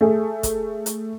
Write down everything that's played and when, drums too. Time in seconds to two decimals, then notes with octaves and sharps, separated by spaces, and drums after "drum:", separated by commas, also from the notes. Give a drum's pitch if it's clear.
0.01 A3 G#4
0.43 drum: kick, hi-hat
0.86 drum: hi-hat